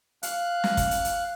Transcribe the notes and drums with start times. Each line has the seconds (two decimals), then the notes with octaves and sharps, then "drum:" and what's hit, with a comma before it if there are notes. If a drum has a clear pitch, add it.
0.23 F5 F#6, drum: hi-hat
0.64 drum: snare
0.77 drum: kick, hi-hat
0.91 drum: hi-hat
1.05 drum: hi-hat